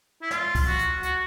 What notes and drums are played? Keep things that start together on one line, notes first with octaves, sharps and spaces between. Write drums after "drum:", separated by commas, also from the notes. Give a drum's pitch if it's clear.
E4
F4, drum: snare
drum: kick C#2, open hi-hat
F#4
drum: hi-hat
F#4, drum: hi-hat